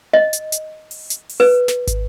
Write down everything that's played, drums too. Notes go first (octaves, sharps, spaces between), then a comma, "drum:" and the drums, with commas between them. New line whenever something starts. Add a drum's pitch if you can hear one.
D#5
drum: hi-hat
drum: hi-hat
drum: open hi-hat
drum: hi-hat
drum: open hi-hat
B4
drum: snare
drum: kick, hi-hat